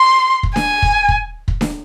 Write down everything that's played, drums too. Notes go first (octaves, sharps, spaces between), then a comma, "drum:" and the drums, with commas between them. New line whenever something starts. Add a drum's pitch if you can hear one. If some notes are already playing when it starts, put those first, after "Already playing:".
Already playing: C6
drum: kick
G#5, drum: snare D4
drum: kick
drum: kick
drum: kick
drum: snare D4